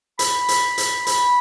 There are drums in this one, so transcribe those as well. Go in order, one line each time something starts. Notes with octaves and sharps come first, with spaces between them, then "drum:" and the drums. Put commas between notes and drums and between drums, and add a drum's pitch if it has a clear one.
B5, drum: hi-hat
drum: hi-hat
drum: hi-hat
B5, drum: hi-hat